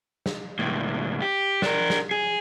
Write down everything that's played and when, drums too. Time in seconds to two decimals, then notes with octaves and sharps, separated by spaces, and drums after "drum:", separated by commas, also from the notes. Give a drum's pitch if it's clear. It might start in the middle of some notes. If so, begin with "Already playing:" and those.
0.26 drum: snare
0.59 C#2 A2
1.22 G4
1.62 D4 A#4, drum: snare
1.90 drum: snare
2.11 G#4